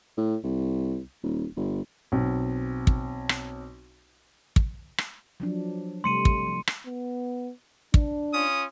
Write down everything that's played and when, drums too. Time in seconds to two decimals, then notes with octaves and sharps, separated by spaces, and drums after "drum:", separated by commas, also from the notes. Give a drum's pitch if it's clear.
0.18 A2
0.44 C2
1.23 D#1
1.57 G1
2.12 B1 C4
2.87 drum: kick
3.29 drum: rim click
4.56 drum: kick
4.98 drum: rim click
5.40 F3 F#3 D4
6.04 C3 G3 A3 C6 C#7 D#7
6.25 drum: kick
6.47 F3
6.67 drum: rim click
6.87 B3
7.94 D4, drum: kick
8.33 C#4 F4 D#6